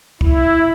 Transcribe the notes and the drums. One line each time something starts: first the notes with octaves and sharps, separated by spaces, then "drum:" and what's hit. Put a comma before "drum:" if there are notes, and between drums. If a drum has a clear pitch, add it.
E4, drum: kick